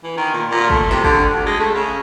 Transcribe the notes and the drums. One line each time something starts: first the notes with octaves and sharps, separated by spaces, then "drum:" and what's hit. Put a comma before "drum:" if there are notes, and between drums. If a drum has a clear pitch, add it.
E3
D#3
A#2
A#2
A3, drum: kick
C3, drum: snare
D3, drum: kick
D2
G#3
A3
C#3